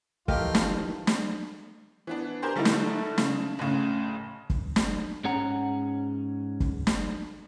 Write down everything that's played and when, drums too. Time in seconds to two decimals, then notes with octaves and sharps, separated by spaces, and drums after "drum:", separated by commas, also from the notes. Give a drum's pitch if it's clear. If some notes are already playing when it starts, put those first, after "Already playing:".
0.28 E3 F3 A3 F4 G4 A#4 D#5, drum: kick F#1
0.55 drum: snare
1.07 drum: snare
2.07 E3 B3 D4
2.42 G4 G#4 A#4 C5 C6
2.56 D3 G3 A3 D#4 E4 A4
2.65 drum: snare
3.18 C#3, drum: snare
3.59 F#1 A2 C#3
4.50 drum: kick F#1
4.76 drum: snare
5.24 G#2 C#4 G#4 F#5 A#5
6.60 drum: kick F#1
6.87 drum: snare